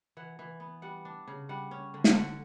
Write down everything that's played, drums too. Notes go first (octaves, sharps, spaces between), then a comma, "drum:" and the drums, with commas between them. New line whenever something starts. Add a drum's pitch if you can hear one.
E3 F#5
E3
B3
G3 F#5
D4
C#3
G3 F#5
C#4
D3
drum: snare
D3 F#5